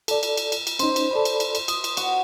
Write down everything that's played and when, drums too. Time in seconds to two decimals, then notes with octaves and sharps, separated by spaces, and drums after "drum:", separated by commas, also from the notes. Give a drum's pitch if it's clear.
0.08 A4 D5, drum: cymbal
0.23 drum: cymbal
0.37 drum: cymbal
0.52 drum: cymbal
0.67 drum: cymbal
0.79 C#4 D#4 C5, drum: cymbal
0.96 drum: cymbal
1.11 A4 D5 B5
1.25 drum: cymbal
1.40 drum: cymbal
1.55 drum: cymbal
1.68 D#6, drum: cymbal
1.84 drum: cymbal
1.97 F#4, drum: cymbal